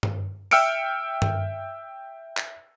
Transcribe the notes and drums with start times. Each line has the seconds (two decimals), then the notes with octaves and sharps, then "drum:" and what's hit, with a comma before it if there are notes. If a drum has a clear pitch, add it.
0.03 drum: tom G2
0.51 E5 G5 E6 F6 C#7 D7, drum: open hi-hat
1.22 drum: tom G2
2.37 drum: clap